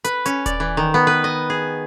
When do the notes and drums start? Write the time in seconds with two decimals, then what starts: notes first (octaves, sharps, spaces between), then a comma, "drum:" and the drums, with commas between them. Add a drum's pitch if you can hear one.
0.04 B4, drum: hi-hat
0.26 C#4, drum: hi-hat
0.46 D5, drum: kick D#1, hi-hat
0.60 E3
0.77 D#3
0.94 B3
1.07 B4
1.24 D#5
1.50 G#4